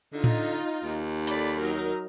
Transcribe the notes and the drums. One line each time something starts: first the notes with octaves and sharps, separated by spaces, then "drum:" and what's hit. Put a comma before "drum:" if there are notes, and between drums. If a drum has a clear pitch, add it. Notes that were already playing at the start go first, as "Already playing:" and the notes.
D3 D#4 F4
drum: tom A2
D#2
A4 D5 B5, drum: hi-hat
F#3 D#4 A#4